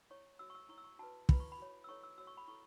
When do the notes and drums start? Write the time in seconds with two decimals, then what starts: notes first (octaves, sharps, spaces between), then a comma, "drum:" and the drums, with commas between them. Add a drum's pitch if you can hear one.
0.10 E4 C#5 C#6
0.39 F#4 C#5 E6
0.50 C#6
0.55 E6
0.69 E4 C#5 C#6
0.78 E6
0.84 C#6
0.99 F#4 B4 A5
1.29 E4 B4 B5, drum: kick
1.40 C#6
1.52 B5
1.59 F#4 C#5
1.84 E6
1.88 E4 A4 C#5 C#6
2.03 E6
2.18 F#4 C#5 E6
2.27 C#6
2.37 B5
2.48 E4 A4 C#6